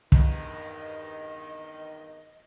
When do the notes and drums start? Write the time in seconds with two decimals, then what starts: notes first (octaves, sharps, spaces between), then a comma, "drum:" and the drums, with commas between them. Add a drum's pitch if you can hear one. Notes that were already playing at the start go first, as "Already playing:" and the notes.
0.12 E2 G2 D#3 D#5, drum: kick